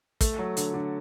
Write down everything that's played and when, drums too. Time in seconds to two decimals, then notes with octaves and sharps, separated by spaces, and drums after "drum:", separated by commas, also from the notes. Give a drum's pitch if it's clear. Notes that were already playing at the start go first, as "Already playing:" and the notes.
0.21 A3, drum: kick, hi-hat
0.39 F#3
0.57 D3, drum: hi-hat
0.74 D3